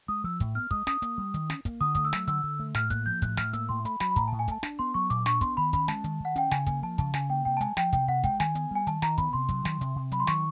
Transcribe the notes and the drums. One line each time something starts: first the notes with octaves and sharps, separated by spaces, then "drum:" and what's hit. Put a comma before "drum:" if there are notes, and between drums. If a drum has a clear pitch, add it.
G#3 D#6
F3 E6
A2, drum: kick, hi-hat
B3 F6
G#3 D#6, drum: kick
C#4 D#6, drum: snare
A#3, drum: hi-hat
G3
D#3, drum: hi-hat
C#4, drum: snare
A#3, drum: kick, hi-hat
D3 D#6
A3 D#6, drum: kick, hi-hat
E6
F#3, drum: snare
D3 E6, drum: hi-hat
D3
A3
A2 F6, drum: snare
A#3 F#6, drum: kick, hi-hat
F3 G6
A2 F#6, drum: kick, hi-hat
A2 F6, drum: snare
A#3 E6, drum: hi-hat
A2 C6
A3 B5, drum: hi-hat
F#3 B5, drum: snare
B5
A2 A#5, drum: kick, hi-hat
A5
A2
G#5
A3 A5, drum: kick, hi-hat
D4, drum: snare
B3 C6
F#3 C#6
A#2 D6, drum: hi-hat
D4 C#6, drum: snare
B3 C6, drum: kick, hi-hat
D#3 B5
C#4 B5, drum: kick, hi-hat
G#3 A5, drum: snare
D#3, drum: hi-hat
D#3 F#5
C#4 G5, drum: hi-hat
C#3 G#5, drum: snare
A#3 G#5, drum: kick, hi-hat
F3 A5
C#3 A5, drum: kick, hi-hat
C#3 G#5, drum: snare
A#3 G5
C3 G5
A5
G#3 G#5, drum: hi-hat
F3 G5, drum: snare
C3 G5, drum: kick, hi-hat
C3 F#5
G#3 G5, drum: kick, hi-hat
D#3 G#5, drum: snare
B3, drum: hi-hat
G3 G#5
D#3 A5, drum: hi-hat
D#3 A#5, drum: snare
B3 B5, drum: kick, hi-hat
C3 C6
F#3, drum: kick, hi-hat
D#3, drum: snare
C3, drum: hi-hat
C3
F#3 B5, drum: hi-hat
C6
D#3 C#6, drum: snare